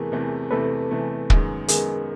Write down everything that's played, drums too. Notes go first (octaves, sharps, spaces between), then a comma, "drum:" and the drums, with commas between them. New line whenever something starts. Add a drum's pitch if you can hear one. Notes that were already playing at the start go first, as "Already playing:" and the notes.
Already playing: E2 C3 E3 A3 G#4 A#4
E2 C3 E3 A3
E2 C3 E3 A3 A4 B4
E2 C3 E3 A3
F#2 D#3 G#3 B3, drum: kick
F#2 D#3 G#3 B3 G#4 A#4, drum: hi-hat